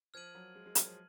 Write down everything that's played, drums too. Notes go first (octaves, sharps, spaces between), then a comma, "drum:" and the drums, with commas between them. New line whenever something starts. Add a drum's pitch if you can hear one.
F3 F6 G#6 D#7 F#7
F#3
G#3
G#3
F#3, drum: hi-hat
F3